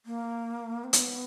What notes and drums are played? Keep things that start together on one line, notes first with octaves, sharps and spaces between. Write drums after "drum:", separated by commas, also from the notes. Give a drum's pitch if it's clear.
A#3
C4
B3, drum: hi-hat